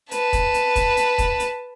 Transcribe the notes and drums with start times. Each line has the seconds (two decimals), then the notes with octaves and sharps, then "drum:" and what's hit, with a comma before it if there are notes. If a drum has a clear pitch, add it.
0.11 B4 A5, drum: hi-hat
0.33 drum: kick, hi-hat
0.54 drum: hi-hat
0.76 drum: kick, hi-hat
0.97 drum: hi-hat
1.18 drum: kick, hi-hat
1.40 drum: hi-hat